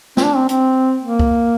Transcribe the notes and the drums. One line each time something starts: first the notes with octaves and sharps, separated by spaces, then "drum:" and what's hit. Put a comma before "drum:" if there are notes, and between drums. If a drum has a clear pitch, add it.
C4, drum: snare
D4
C4
C4, drum: hi-hat
A#3
drum: kick